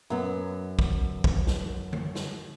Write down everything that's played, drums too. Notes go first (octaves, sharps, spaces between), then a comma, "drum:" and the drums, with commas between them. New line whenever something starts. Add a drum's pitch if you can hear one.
F#2 B3
drum: kick
drum: kick
drum: snare
drum: tom D3
drum: snare